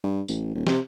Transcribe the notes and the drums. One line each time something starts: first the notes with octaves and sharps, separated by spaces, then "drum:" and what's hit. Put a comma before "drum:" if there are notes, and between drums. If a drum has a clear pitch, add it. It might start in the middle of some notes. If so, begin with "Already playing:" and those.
G2
A1, drum: tambourine
D#1
C3, drum: snare